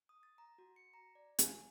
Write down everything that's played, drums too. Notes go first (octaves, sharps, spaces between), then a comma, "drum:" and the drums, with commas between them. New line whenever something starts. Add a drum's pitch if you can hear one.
D#6
A6
A#5
F#4
C#7
A#5
D5
G#5, drum: hi-hat